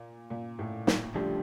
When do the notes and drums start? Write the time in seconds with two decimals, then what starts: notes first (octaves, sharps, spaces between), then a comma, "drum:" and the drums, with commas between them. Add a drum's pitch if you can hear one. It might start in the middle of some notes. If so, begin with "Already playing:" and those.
Already playing: A#2
0.30 A#2
0.59 A2
0.87 A#2, drum: snare
1.15 C#3 F3 G3 A3 D4 G4